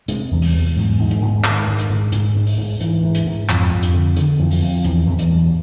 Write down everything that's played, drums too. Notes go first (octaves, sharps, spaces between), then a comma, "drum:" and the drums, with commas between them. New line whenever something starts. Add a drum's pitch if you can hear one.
C3 G#3, drum: hi-hat
E2
G3, drum: open hi-hat
E2
G#2 F#3
G#2
D#3, drum: hi-hat
G#2
G#2 D#3, drum: clap
G#2
drum: hi-hat
G#2
G#2, drum: hi-hat
G#2
drum: open hi-hat
G#2
G#2 E3, drum: hi-hat
G#2
drum: hi-hat
G#2
F2, drum: clap
F2
drum: hi-hat
D3
D3 D#3, drum: hi-hat
F2 E3
drum: open hi-hat
F2
E2 E3, drum: hi-hat
E2 F#3
drum: hi-hat
B2 G3